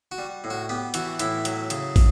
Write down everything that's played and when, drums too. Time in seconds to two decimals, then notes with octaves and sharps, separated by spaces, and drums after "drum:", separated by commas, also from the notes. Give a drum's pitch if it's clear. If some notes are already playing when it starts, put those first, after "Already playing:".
0.12 F#4
0.18 G3
0.44 A2
0.50 F#4
0.69 B3 G4
0.94 E3 F#4, drum: hi-hat
1.19 A2 E4, drum: hi-hat
1.45 F#3, drum: hi-hat
1.70 C#3, drum: hi-hat
1.96 drum: kick, open hi-hat